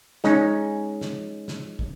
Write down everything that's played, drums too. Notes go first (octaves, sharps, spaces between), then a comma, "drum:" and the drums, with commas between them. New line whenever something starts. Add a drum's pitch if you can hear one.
G#3 C#4 D#4, drum: snare
drum: snare
drum: snare
drum: kick